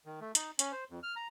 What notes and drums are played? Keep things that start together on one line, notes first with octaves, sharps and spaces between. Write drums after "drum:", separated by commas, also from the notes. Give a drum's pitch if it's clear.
D#3
A3
D#4, drum: hi-hat
C#4, drum: hi-hat
C5
F2
F6
A#5